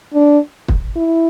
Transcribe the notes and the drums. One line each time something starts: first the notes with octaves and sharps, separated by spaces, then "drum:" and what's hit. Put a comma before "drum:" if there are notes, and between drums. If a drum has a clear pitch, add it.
D4
drum: kick
E4